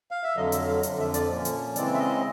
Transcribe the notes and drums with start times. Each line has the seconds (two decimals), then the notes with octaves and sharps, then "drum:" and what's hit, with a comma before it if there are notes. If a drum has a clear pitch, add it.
0.11 F5
0.23 E5
0.36 F2 D3 F#3 D#5
0.52 E5, drum: hi-hat
0.67 F5
0.83 F2 D3 F3, drum: hi-hat
0.99 E5
1.14 D5, drum: hi-hat
1.29 A#2 F3 A#3 C#4
1.45 drum: hi-hat
1.76 C#3 E3 G#3 C4 D5, drum: hi-hat
1.94 E5
1.99 D#5